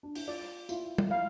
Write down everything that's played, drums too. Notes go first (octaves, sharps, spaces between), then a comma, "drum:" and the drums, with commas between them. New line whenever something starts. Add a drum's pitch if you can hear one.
D4
E4, drum: open hi-hat
F4 D5
E4 F4, drum: tambourine
drum: tom G3
E4 F5